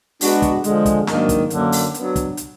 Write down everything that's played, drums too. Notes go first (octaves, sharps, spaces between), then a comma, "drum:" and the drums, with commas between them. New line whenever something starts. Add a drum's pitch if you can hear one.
G#3 B3 D4 F#4, drum: open hi-hat
drum: kick, hi-hat
D3 F3 G#3, drum: hi-hat
drum: kick, hi-hat
G#2 D#3 F#3 A#3 D4, drum: snare
drum: kick, hi-hat
F#2 D3 F#3 A#3, drum: hi-hat
drum: open hi-hat
F#3 B3 D4, drum: hi-hat
drum: kick, hi-hat
drum: hi-hat